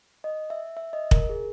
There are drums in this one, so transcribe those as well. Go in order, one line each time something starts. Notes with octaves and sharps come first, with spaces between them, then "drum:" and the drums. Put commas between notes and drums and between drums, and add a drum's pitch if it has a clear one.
D#5
E5
E5
D#5
A#4, drum: kick
G#4